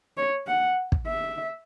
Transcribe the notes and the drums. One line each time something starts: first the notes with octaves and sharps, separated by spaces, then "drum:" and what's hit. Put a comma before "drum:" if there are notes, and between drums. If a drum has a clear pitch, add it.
C#5
F#5
drum: kick
E5